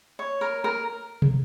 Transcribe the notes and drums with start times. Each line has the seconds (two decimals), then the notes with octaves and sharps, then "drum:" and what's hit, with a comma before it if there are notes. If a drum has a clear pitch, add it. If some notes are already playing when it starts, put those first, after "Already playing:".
0.19 C#5
0.41 A#4
0.64 A#4
1.22 drum: tom